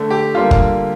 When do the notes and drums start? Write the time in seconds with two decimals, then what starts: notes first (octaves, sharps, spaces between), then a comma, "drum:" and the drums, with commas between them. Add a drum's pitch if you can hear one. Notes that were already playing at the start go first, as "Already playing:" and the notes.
Already playing: D3 A3
0.10 G4
0.35 D3 G3 A#3 F4
0.51 drum: kick G1